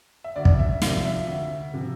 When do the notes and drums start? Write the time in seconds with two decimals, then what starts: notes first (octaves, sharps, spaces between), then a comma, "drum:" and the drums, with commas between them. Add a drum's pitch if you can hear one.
0.24 E5
0.36 D2 D5
0.45 drum: kick
0.59 E5
0.82 C3 F3 F5, drum: snare
1.05 E5
1.28 D2
1.74 C3 F3